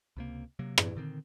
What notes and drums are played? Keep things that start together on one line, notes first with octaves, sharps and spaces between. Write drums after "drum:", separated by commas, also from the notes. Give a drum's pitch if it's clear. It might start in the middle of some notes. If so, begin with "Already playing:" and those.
C#2 C3 A#3
C3 F#3 A#3
A2 E3, drum: rim click
A#2 D3 D#3 C4